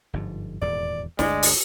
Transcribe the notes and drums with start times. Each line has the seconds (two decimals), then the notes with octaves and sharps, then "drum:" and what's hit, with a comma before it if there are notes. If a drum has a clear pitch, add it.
0.13 G1 G#2 F3
0.62 D#1 E2 G#2 D5
1.19 G1 D2 G#3 D4 D5, drum: snare
1.43 drum: open hi-hat